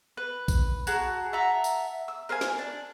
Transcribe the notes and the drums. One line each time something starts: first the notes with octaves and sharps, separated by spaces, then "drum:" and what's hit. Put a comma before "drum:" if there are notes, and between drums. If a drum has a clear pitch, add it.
B4
drum: kick A#1, tambourine
F#4 G#4 A5 A#5, drum: tambourine
E5 F#5 A5 A#5
drum: tambourine
E6
A#4 C5 F5 G#5
drum: snare
D4